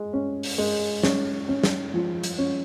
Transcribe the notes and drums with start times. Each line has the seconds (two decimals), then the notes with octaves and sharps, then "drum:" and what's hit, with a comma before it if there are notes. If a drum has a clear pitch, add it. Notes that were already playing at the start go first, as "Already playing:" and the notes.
Already playing: G#3
0.13 C#4
0.43 drum: open hi-hat
0.58 G#3
1.03 C#4, drum: snare
1.49 C#4
1.63 drum: snare
1.94 F3
2.24 drum: hi-hat
2.38 C#4